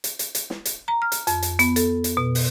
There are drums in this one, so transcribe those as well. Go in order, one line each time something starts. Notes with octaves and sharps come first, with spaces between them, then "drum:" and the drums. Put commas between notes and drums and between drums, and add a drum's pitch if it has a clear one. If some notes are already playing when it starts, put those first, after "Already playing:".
drum: hi-hat
drum: hi-hat
drum: hi-hat
drum: snare
drum: hi-hat
A#5
F6
drum: hi-hat
F2, drum: hi-hat
drum: hi-hat
B3, drum: hi-hat
A4, drum: hi-hat
drum: hi-hat
B2
drum: open hi-hat